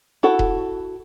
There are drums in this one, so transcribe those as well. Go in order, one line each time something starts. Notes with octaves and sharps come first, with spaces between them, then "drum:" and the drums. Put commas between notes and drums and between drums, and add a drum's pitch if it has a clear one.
E4 F#4 A4 F#5
drum: kick E1